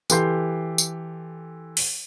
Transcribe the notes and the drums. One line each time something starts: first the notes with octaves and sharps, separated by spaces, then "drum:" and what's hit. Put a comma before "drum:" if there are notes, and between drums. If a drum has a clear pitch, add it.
E3 G4 A4 C6 G6 C7, drum: tambourine
drum: tambourine
drum: open hi-hat